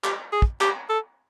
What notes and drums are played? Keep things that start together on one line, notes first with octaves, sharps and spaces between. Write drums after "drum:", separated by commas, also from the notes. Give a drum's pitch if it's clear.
G4, drum: clap
G#4
drum: kick
G4, drum: clap
A4